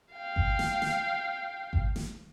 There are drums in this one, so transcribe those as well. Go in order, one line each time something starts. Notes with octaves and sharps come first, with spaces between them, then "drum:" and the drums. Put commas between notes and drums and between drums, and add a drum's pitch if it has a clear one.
F5 G5
drum: kick G#1
drum: snare
drum: snare
drum: kick G#1
drum: snare